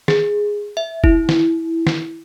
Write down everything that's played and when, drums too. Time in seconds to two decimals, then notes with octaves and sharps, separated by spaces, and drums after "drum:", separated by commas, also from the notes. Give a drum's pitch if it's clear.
0.08 G#4, drum: snare
0.77 E5
1.04 E4, drum: kick F1
1.29 drum: snare
1.87 drum: snare